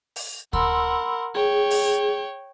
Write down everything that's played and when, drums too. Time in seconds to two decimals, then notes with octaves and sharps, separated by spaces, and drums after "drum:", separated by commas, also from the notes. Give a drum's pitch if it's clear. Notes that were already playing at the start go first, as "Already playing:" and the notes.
0.16 drum: open hi-hat
0.53 A#4 F#5 B5 C6 E6, drum: kick D2
1.35 G#4 C#5 G5
1.71 drum: open hi-hat